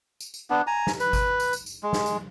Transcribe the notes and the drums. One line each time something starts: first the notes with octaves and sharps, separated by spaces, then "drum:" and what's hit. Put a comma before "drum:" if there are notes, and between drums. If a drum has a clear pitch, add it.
drum: tambourine
drum: tambourine
B3 D4
G#5 A#5
drum: snare
B4, drum: tambourine
drum: kick G#1, tambourine
drum: tambourine
drum: tambourine
drum: tambourine
G#3
drum: snare
drum: tambourine